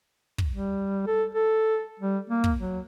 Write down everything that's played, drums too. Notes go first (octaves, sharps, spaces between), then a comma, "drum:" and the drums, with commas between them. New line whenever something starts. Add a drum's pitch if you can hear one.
drum: kick
G3
A4
A4
G3
A#3
drum: kick
F#3